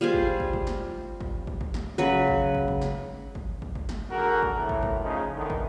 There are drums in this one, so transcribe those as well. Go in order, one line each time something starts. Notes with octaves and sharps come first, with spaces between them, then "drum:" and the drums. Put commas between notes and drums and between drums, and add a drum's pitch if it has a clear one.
G3 F4 G#4 C5
drum: kick
drum: kick
drum: kick
drum: snare
drum: kick
drum: kick
drum: kick
drum: snare
C#3 F#3 B4
drum: kick
drum: kick
drum: kick
drum: snare
drum: kick
drum: kick
drum: kick
drum: snare
D3 F#4 G#4 A#4
drum: kick
A2 E3 A3
drum: kick
drum: kick
C#3 F3 D#4
D#3 E3 B3 D4 A4
drum: kick